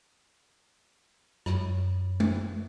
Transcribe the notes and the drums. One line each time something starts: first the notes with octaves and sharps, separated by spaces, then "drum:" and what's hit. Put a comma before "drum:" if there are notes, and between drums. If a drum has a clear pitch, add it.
F#2, drum: rim click
drum: tom G#3